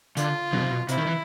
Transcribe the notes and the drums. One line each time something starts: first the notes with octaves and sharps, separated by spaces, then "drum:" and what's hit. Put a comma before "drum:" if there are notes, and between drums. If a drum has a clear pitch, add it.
D3 F4, drum: hi-hat
B2, drum: tom F#3
C3
B2
C3 E4, drum: hi-hat
D#3
E3